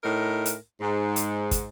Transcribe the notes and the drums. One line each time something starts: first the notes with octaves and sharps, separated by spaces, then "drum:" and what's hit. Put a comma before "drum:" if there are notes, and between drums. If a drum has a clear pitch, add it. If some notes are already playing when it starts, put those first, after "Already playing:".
A2 D#4 A#4
drum: hi-hat
G#2
drum: hi-hat
drum: kick, hi-hat